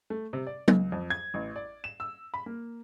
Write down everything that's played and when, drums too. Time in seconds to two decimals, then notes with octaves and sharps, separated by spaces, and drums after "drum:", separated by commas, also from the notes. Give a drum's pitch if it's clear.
0.10 A3
0.33 C3
0.47 D5
0.68 C#2, drum: tom F#3
0.92 F2
1.10 G#6
1.34 A1
1.56 D5
1.84 E7
2.00 E6
2.34 B5
2.46 A#3